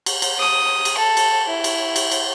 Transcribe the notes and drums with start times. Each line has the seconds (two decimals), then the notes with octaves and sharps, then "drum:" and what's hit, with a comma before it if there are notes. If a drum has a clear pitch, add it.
0.06 drum: cymbal
0.22 drum: cymbal
0.39 D#6
0.85 drum: cymbal
0.97 A4
1.17 drum: cymbal
1.48 E4
1.64 drum: cymbal
1.96 drum: cymbal
2.12 drum: cymbal